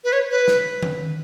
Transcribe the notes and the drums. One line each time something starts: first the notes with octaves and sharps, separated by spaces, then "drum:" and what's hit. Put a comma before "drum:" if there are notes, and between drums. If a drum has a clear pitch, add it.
B4
C#5
B4
drum: snare
drum: tom D#3